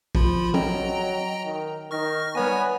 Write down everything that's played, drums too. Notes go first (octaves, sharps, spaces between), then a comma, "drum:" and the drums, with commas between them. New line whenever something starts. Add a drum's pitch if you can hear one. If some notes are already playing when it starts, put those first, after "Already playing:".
F3 F4 B5, drum: kick A#1
F#3 D#5 G5 A#5, drum: tom
D#3
D#3 C#6 F6 A#6
G3 B3 C#5 G#5